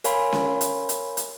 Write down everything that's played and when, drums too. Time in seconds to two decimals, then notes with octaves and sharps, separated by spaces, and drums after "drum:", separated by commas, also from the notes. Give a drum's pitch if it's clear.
0.04 A#4 C#5 F5 G#5 B5 C6, drum: hi-hat
0.33 drum: snare C#4
0.61 drum: hi-hat
0.89 drum: hi-hat
1.17 drum: hi-hat